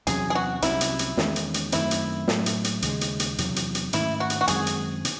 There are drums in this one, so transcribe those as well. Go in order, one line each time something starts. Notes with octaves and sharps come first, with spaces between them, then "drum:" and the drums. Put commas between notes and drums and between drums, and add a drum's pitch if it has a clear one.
E2 C3 F#3 C#4 G#4, drum: hi-hat
G#4
F#4
C2 C3 F#3 C#4 E4, drum: hi-hat
drum: hi-hat
drum: hi-hat
E2 D#3 G#3 C#4, drum: snare
drum: hi-hat
drum: hi-hat
F#2 D#3 A3 C4 E4, drum: hi-hat
drum: hi-hat
A2 F#3 A3, drum: snare
drum: hi-hat
drum: hi-hat
D#2 C#3 G#3, drum: hi-hat
drum: hi-hat
drum: hi-hat
E2 C3 F#3, drum: hi-hat
drum: hi-hat
drum: hi-hat
G#2 D#3 A3 C#4 E4, drum: hi-hat
F#4
drum: hi-hat
F#4
F#2 D#3 G#3 C4 G#4, drum: hi-hat
drum: hi-hat
C3, drum: hi-hat